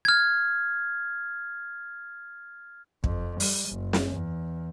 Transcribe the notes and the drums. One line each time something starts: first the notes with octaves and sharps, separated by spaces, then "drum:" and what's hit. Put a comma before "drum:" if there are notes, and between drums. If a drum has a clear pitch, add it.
F6 G#6
F2, drum: kick
G3, drum: open hi-hat
F#1
drum: snare
E2